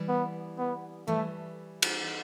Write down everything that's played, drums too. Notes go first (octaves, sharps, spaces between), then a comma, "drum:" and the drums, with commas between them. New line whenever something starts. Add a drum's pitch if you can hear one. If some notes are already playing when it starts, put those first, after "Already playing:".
Already playing: E3 G3
B3
B3
E3 G3 A3
drum: cymbal